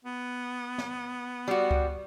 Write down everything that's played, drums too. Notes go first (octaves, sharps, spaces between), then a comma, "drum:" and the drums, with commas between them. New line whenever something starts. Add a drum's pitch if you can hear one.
B3
drum: snare
G3 F#4
drum: kick C#2